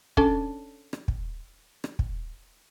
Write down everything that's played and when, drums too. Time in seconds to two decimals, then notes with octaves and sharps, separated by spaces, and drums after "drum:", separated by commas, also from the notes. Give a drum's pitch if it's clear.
0.17 C#4 D4 A4, drum: kick
0.93 drum: rim click
1.08 drum: kick
1.84 drum: rim click
1.99 drum: kick